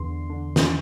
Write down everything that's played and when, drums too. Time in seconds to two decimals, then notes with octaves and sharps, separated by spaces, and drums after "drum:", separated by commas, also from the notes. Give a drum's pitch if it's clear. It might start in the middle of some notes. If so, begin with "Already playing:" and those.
Already playing: E2 D3 C6
0.30 D3
0.56 drum: snare